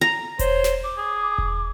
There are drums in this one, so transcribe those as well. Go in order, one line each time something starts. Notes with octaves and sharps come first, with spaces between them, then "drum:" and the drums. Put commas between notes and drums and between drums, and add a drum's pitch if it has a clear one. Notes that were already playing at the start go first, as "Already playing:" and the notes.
A#5
C5 C#5, drum: kick E1, hi-hat
drum: snare
D6
G#4
drum: kick E1